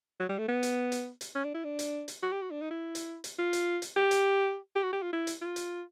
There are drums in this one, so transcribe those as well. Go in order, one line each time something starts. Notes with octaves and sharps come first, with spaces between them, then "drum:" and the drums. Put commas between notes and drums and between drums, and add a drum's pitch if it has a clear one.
F#3
G3
A3
B3
drum: hi-hat
drum: hi-hat
drum: hi-hat
C#4
D4
E4
D4
drum: hi-hat
drum: hi-hat
F#4
G4
F#4
D4
D#4
E4
drum: hi-hat
drum: hi-hat
F4
drum: hi-hat
drum: hi-hat
G4
drum: hi-hat
G4
F#4
G4
F4
E4
drum: hi-hat
F4
drum: hi-hat